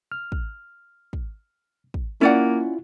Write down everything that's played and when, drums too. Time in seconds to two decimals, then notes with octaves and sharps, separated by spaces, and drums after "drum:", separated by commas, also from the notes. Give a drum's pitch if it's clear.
0.12 F6
0.32 drum: kick
1.13 drum: kick
1.94 drum: kick
2.21 A#3 C#4 E4 F4 D5 F#5